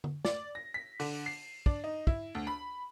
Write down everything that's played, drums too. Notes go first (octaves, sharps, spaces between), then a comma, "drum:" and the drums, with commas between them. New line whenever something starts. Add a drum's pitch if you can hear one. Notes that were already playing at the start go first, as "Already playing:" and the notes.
drum: tom D3
D5, drum: snare
A#6
B6
D3, drum: open hi-hat
C7
D4, drum: kick
D#4
E4, drum: kick
D2
B5